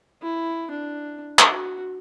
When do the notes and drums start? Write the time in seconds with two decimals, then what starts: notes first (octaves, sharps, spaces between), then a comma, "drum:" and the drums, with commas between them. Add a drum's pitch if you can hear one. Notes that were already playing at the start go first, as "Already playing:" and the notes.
0.22 E4
0.71 D4
1.39 drum: clap
1.49 F#4